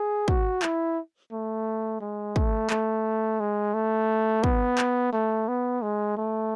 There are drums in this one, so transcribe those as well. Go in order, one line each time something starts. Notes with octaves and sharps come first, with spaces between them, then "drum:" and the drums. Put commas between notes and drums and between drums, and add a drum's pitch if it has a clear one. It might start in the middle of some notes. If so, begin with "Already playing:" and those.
Already playing: G#4
F#4, drum: kick
E4, drum: clap
A3
G#3
A3, drum: kick
A3, drum: clap
G#3
A3
B3, drum: kick
drum: clap
A3
B3
G#3
A3